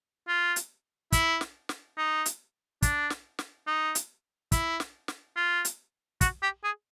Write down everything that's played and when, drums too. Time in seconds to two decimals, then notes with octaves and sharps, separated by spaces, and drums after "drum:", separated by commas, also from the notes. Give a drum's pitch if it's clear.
0.28 F4
0.56 drum: hi-hat
1.12 E4, drum: kick, hi-hat
1.41 drum: snare
1.69 drum: snare
1.97 D#4
2.26 drum: hi-hat
2.82 D4, drum: kick, hi-hat
3.10 drum: snare
3.39 drum: snare
3.67 D#4
3.95 drum: hi-hat
4.52 E4, drum: kick, hi-hat
4.80 drum: snare
5.08 drum: snare
5.36 F4
5.65 drum: hi-hat
6.21 F#4, drum: kick, hi-hat
6.42 G4
6.64 G#4